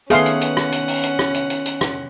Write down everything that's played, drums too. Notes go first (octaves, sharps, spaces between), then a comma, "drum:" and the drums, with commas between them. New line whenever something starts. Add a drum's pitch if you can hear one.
D#3 A3 B3 C#4 G#4 F5 F#5 C6, drum: hi-hat
drum: hi-hat
drum: hi-hat
drum: rim click
drum: hi-hat
drum: open hi-hat
drum: hi-hat
drum: rim click
drum: hi-hat
drum: hi-hat
drum: hi-hat
drum: rim click